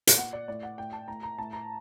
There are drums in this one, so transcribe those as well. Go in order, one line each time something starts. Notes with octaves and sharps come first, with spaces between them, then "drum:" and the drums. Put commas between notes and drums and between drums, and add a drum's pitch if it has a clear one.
drum: hi-hat
A#2 F#5
D5
A2 D5
F#5
A2 G5
A5
A2 A#5
A#5
A2 A5
A#5